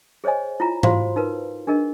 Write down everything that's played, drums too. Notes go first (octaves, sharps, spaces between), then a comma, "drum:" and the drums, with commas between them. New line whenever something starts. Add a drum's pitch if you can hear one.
G#4 C5 C#5 D#5 G#5
E4 F4 A#5
F4 F#4 C5 F5 C6, drum: tom G#2
D#4 A#4 B4
D4 G#4 A#4 D#5